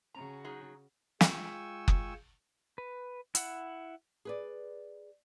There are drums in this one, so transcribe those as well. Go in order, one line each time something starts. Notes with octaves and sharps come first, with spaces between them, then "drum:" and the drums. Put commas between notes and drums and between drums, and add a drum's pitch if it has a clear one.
C#3 F#4 A#5
F#3 D#4 G#4
G#3 F4 G5 G#5 C#6 E6, drum: snare
drum: kick F#1
B4
E4 F#5, drum: hi-hat
G#4 B4 D5